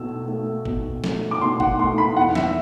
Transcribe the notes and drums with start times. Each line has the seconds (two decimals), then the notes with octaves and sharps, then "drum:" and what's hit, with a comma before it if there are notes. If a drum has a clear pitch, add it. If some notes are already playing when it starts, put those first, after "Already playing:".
Already playing: B2 A3 E6
0.28 A3
0.65 B2, drum: kick A1
1.04 A3, drum: snare
1.31 D6
1.41 B2 C6
1.60 F#5, drum: kick A1
1.79 A3 C6
1.98 B5
2.17 E2 F#5
2.35 E5, drum: snare